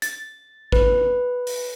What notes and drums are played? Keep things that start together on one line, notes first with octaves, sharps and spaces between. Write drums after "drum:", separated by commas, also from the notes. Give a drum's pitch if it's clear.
A6, drum: hi-hat
B4, drum: kick A1
drum: open hi-hat